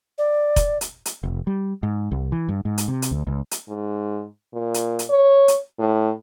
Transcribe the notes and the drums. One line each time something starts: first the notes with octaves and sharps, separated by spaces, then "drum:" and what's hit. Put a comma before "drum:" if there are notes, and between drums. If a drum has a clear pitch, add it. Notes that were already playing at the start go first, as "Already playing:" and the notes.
D5
drum: kick F1, hi-hat
drum: hi-hat
drum: hi-hat
F1
G3
G#2
C2
E3
G2
G#2
drum: hi-hat
C3
drum: hi-hat
D2
C#2
drum: hi-hat
G#2
A#2
drum: hi-hat
drum: hi-hat
C#5
drum: hi-hat
A2